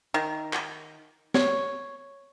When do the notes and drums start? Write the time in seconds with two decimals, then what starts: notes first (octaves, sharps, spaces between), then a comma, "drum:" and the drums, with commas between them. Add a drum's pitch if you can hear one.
0.14 D#3
0.53 drum: clap
1.34 C#5, drum: snare